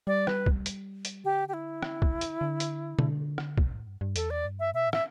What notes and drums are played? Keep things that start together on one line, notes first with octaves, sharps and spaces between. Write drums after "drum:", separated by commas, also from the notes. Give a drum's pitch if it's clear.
G3 D5
B4, drum: rim click
drum: kick
drum: hi-hat
drum: hi-hat
D3 G4
G4
E4
drum: rim click
drum: kick
drum: hi-hat
D3
drum: hi-hat
D3, drum: tom B2
drum: rim click
B2, drum: kick
A2
G2
G2
E2 A4, drum: hi-hat
D5
G2
E5
B2 E5
A2
E5, drum: rim click